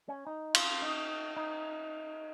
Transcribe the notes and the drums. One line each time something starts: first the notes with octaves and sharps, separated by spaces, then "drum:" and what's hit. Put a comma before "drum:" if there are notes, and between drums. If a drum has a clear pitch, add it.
C#4
D#4
F4, drum: cymbal
D#4
D#4